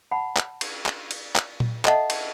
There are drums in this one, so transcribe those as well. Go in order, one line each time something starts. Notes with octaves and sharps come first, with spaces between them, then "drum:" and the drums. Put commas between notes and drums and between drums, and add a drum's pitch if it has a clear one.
F#5 A5 B5
drum: clap
drum: cymbal
drum: clap
drum: cymbal
drum: clap
drum: tom A#2
A4 D#5 E5 F#5 A5, drum: clap
drum: cymbal